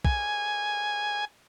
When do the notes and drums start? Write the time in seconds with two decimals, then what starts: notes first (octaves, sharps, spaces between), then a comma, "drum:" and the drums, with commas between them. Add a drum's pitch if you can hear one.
0.05 G#5, drum: kick